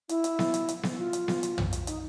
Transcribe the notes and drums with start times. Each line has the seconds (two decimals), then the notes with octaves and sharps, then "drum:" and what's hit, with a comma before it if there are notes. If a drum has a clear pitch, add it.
0.09 E4, drum: hi-hat
0.24 drum: hi-hat
0.39 drum: snare B3
0.54 drum: hi-hat
0.68 drum: hi-hat
0.83 drum: snare B3
0.98 F4
1.13 drum: hi-hat
1.28 drum: snare B3
1.43 drum: hi-hat
1.58 drum: tom
1.73 drum: hi-hat
1.87 D#4, drum: hi-hat